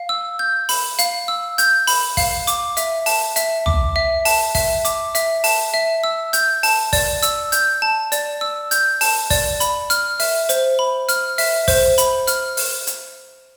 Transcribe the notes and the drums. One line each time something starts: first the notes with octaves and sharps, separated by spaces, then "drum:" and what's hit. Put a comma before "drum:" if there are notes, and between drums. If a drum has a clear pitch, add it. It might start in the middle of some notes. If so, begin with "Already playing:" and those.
Already playing: F5
E6
G6
B5, drum: open hi-hat
F5, drum: hi-hat
E6
G6, drum: hi-hat
B5, drum: open hi-hat
F5, drum: kick, open hi-hat
D6, drum: hi-hat
E5, drum: hi-hat
A5, drum: open hi-hat
E5, drum: hi-hat
D6, drum: tom
E5
A5, drum: open hi-hat
E5, drum: kick, open hi-hat
D6, drum: hi-hat
E5, drum: hi-hat
A5, drum: open hi-hat
E5
E6
G6, drum: hi-hat
A5, drum: open hi-hat
D5, drum: kick, open hi-hat
E6, drum: hi-hat
G6, drum: hi-hat
A5
D5, drum: hi-hat
E6
G6, drum: hi-hat
A5, drum: open hi-hat
D5, drum: kick, open hi-hat
B5, drum: hi-hat
F6, drum: hi-hat
E5, drum: open hi-hat
C5, drum: hi-hat
B5
F6, drum: hi-hat
E5, drum: open hi-hat
C5, drum: kick, open hi-hat
B5, drum: hi-hat
F6, drum: hi-hat
drum: open hi-hat
drum: hi-hat